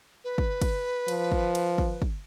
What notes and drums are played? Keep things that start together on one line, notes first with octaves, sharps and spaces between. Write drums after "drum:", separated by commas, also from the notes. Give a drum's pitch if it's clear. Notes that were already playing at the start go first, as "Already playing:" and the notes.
B4
drum: kick
drum: kick, cymbal
F3, drum: cymbal
drum: kick
drum: cymbal
drum: kick
drum: kick